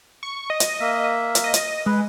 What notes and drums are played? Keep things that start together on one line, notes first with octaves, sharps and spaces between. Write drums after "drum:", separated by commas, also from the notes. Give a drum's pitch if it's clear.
C#6
D#5
drum: hi-hat
A#3 E5
drum: hi-hat
D#5
drum: hi-hat
G#3 B4